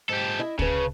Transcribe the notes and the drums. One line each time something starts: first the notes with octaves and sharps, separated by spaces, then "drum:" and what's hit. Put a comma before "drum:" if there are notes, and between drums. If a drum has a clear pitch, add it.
G#2 G4 A4
E4 D#5 E5
C#3 B4 A5, drum: kick